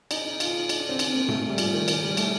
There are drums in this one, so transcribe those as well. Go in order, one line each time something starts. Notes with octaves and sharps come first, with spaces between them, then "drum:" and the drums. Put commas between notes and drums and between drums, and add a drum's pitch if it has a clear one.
D#4, drum: cymbal
D#4
F4, drum: cymbal
D#4, drum: cymbal
D4
C4
C4, drum: cymbal
A#3
A3, drum: tom G#2
A3
G3
F3, drum: cymbal
D#3
D#3, drum: cymbal
G3
A3, drum: cymbal